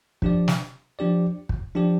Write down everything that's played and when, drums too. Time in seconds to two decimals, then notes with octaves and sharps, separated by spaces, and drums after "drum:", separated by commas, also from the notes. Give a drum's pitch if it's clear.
0.22 F3 D4 G4 D5, drum: kick
0.48 drum: snare
0.99 F3 D4 G4 D5
1.49 drum: kick
1.75 F3 D4 G4 D5